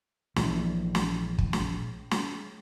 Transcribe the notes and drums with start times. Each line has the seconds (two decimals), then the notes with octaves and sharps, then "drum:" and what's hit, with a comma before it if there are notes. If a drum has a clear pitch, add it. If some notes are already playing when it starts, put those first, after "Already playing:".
0.36 A#1 E3, drum: snare
0.95 drum: snare
1.38 drum: kick
1.53 drum: snare
2.11 drum: snare